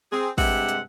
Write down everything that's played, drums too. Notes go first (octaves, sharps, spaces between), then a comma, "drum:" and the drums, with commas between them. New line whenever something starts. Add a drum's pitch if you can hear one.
C4 G#4
G2 C3 G#3 G4 E5 F#5, drum: kick, open hi-hat
drum: hi-hat